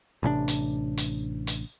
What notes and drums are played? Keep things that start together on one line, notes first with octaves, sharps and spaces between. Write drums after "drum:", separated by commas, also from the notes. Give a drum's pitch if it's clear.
A1 C3 C#4 D4
drum: hi-hat
drum: hi-hat
drum: hi-hat